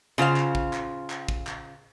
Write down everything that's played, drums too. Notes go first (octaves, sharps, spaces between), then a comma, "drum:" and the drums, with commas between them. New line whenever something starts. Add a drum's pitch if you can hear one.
C#3 F4 C5 F5
drum: clap
drum: kick
drum: clap
drum: clap
drum: kick
drum: clap